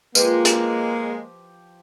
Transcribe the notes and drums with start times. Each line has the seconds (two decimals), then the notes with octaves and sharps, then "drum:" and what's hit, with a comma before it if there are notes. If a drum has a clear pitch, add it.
0.15 F3 G#3 A#3 F4 G4 B4, drum: tambourine
0.45 drum: hi-hat